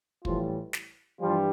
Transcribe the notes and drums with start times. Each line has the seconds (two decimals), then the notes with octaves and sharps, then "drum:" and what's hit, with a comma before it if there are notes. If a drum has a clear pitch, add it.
0.25 A2 E3 F3 G3 F4, drum: kick
0.73 drum: snare
1.20 G2 E3 F3 G3 F4